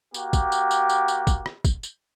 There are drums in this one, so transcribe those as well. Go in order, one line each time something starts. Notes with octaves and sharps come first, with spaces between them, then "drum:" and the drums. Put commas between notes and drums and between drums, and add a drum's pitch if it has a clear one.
A#3 F#4 G4, drum: tambourine
drum: kick, tambourine
drum: tambourine
drum: tambourine
drum: tambourine
drum: tambourine
drum: kick, tambourine
drum: rim click
drum: kick, tambourine
drum: tambourine